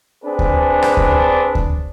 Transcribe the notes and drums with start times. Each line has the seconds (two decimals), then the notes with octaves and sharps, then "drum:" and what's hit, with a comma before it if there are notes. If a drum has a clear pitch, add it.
0.24 C4 D4 G#4 B4
0.39 drum: kick D2
0.83 drum: rim click
0.97 drum: kick D2
1.55 drum: kick D2